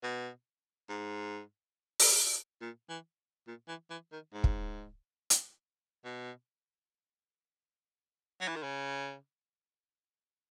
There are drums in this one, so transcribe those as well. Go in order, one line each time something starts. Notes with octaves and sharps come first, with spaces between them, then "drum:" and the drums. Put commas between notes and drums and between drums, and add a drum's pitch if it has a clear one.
B2
G#2
drum: open hi-hat
A#2
E3
A#2
E3
E3
D#3
G#2
drum: kick
drum: hi-hat
B2
F#3
E3
D#3
C#3